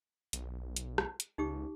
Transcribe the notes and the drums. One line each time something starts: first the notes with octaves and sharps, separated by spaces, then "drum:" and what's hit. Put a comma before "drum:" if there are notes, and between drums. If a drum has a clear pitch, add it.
B1, drum: hi-hat
drum: hi-hat
drum: rim click
drum: hi-hat
C#2 D#4 G4 D6